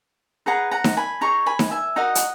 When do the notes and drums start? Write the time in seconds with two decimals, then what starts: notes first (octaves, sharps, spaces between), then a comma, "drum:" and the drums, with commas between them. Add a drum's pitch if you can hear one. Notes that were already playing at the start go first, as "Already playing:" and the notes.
0.46 D#4 G#4 B4 F#5 A#5
0.71 F#5 A#5
0.84 drum: snare D#4
0.97 G#5 B5
1.21 D#4 G#4 C#5 A#5 C#6
1.46 G#5 B5
1.59 drum: snare D#4
1.71 E5 G#5
1.96 D#4 F#4 A#4 D#5 F#5
2.15 drum: hi-hat